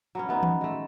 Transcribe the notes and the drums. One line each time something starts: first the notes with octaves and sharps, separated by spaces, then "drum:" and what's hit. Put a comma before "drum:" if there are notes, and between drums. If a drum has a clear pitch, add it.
F#3 B3 C#4
A3 B3 D#4 B4
drum: tom D#3
G#3 A3